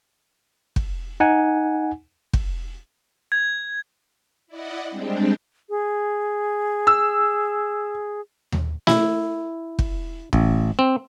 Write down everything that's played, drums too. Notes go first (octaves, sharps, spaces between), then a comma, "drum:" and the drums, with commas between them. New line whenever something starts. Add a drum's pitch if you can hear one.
drum: kick
D#4 F#5 G#5
drum: kick
G#6
E4 D5 D#5 F#5
G3 G#3 C4 D4 G4
G#4
E6
drum: tom D#2
E4, drum: snare
drum: kick
A1, drum: kick
C4